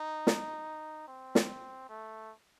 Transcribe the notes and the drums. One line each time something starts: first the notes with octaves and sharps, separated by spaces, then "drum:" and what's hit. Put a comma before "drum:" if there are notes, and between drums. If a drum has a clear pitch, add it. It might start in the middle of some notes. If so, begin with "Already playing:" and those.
Already playing: D#4
drum: snare
C4
drum: snare
A3